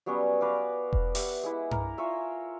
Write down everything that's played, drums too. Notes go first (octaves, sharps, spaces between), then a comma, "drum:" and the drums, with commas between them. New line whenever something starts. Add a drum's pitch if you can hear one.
F#3 G3 B3 C#4
F#4 B4 D5 F5
drum: kick E1
G4 E5 F#5, drum: open hi-hat
G#3 E4
A#4, drum: tom G2
F4 C#5 E5 G#5